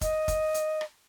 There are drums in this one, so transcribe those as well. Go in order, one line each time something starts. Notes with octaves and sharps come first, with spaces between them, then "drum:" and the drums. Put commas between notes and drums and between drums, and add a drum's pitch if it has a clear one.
D#5, drum: kick, hi-hat
drum: kick, hi-hat
drum: hi-hat
drum: rim click